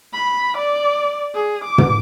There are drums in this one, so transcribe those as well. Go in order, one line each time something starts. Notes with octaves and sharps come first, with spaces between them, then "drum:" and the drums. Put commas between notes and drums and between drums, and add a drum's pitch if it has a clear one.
B5
D5
G#4
D6
drum: tom